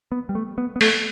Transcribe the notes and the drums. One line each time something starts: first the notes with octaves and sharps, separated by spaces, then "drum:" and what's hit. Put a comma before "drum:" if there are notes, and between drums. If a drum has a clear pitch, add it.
B3
G3
A3
B3
B3
A3 A4, drum: open hi-hat